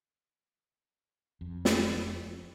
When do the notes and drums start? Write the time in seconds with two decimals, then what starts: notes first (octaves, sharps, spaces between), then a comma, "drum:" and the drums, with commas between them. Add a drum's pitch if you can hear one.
1.41 F2
1.65 drum: snare